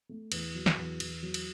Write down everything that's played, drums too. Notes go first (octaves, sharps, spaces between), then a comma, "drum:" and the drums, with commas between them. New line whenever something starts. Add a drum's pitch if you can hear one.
A3
E2, drum: cymbal
F#3
drum: snare
E2
E2, drum: cymbal
F#3
drum: cymbal